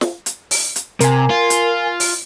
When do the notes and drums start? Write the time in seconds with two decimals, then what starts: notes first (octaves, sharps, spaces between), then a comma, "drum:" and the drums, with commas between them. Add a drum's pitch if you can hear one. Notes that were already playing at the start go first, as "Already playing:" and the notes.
0.01 drum: snare
0.26 drum: hi-hat
0.51 drum: open hi-hat
0.76 drum: hi-hat
1.00 C3 A#4 G#5, drum: hi-hat
1.30 F4
1.50 drum: hi-hat
2.00 drum: open hi-hat